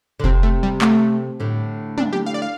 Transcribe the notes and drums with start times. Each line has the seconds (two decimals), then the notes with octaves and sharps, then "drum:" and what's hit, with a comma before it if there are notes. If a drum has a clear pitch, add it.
0.20 D3
0.24 C3 C4, drum: kick F1
0.43 A3
0.63 G3
0.82 A3, drum: clap
1.40 A2 D3
1.98 D4, drum: tom
2.13 G4
2.26 F5
2.34 D5
2.42 F5